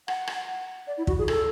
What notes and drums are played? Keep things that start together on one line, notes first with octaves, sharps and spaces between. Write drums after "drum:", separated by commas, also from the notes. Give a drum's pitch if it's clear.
F#5, drum: rim click
drum: rim click
D5
E4
F#4, drum: kick
G#4
A4, drum: rim click